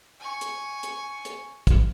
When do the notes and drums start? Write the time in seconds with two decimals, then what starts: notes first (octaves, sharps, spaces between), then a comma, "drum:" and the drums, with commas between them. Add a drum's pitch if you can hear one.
0.20 G#5 C#6
0.41 drum: hi-hat
0.83 drum: hi-hat
1.25 drum: hi-hat
1.67 drum: kick, hi-hat